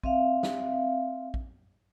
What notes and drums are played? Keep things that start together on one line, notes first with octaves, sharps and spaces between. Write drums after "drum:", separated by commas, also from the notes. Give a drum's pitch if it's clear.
C4 E5 F5, drum: kick
drum: snare
drum: kick